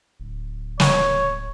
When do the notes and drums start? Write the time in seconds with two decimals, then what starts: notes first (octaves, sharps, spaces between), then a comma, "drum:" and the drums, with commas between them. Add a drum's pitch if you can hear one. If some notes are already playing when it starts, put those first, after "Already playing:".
0.20 D1
0.80 C#5, drum: snare